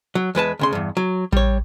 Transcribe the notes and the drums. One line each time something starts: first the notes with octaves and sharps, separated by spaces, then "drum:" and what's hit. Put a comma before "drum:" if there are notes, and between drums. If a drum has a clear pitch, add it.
F#3
E2 G#3 B4 A5
D2 C#3 C6
E2 G2
F#3
G3 C#5, drum: kick A1